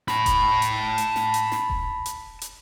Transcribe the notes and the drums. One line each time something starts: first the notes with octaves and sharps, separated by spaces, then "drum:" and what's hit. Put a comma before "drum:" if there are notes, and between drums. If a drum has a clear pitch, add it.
A5 B5, drum: snare
drum: kick D#1, hi-hat
drum: hi-hat
drum: hi-hat
drum: snare
drum: hi-hat
drum: snare
drum: kick D#1
drum: hi-hat
drum: hi-hat